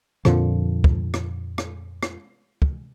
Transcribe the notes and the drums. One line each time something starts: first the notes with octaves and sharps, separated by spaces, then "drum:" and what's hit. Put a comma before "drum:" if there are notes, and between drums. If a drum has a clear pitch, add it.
F2 A#2 D3 F3, drum: rim click
drum: kick
drum: rim click
drum: rim click
drum: rim click
drum: kick